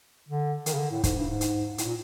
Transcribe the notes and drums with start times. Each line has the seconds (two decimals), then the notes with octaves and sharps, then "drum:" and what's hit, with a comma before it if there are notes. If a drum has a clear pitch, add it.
0.29 D3
0.66 D#3, drum: hi-hat
0.74 C#3
0.78 D3
0.91 A2
1.04 G#2, drum: kick, hi-hat
1.16 G2
1.29 G#2
1.41 drum: hi-hat
1.78 A2, drum: hi-hat
1.86 A#2